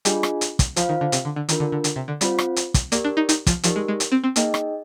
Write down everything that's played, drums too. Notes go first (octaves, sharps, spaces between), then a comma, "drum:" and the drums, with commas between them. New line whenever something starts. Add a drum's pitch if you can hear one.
G3 D4 F4 G#4 D#5 G#5, drum: hi-hat
drum: rim click
drum: hi-hat
drum: kick, hi-hat
F3 F4 C5 F5, drum: hi-hat
D#3
D3
C3, drum: hi-hat
D3
D3
D#3 D4 F4 A#4, drum: hi-hat
D3
D3
D3, drum: hi-hat
C3
D3
G3 C4 F4 C5, drum: hi-hat
drum: rim click
drum: hi-hat
drum: kick, hi-hat
A#3 G4 A#4 D5, drum: hi-hat
D4
D#4
D#4, drum: hi-hat
F3, drum: kick, hi-hat
F3 D#4 G4 A#4 D5, drum: hi-hat
G#3
G#3
drum: hi-hat
C4
C4
A#3 D#4 G#4 D#5 G5, drum: hi-hat
drum: rim click